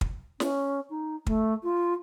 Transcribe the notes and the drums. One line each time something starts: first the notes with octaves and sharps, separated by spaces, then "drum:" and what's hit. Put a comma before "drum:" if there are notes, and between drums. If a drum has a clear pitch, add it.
drum: kick
C#4, drum: snare
D#4
A3, drum: kick
F4